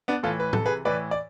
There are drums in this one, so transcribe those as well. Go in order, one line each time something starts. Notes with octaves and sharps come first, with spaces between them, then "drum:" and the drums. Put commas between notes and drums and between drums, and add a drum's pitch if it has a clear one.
B3 D4
A2 E3 F4 A4
B4
C3 E3 A4, drum: tom A2
G#4 B4
A2 E3 B4 D5
D5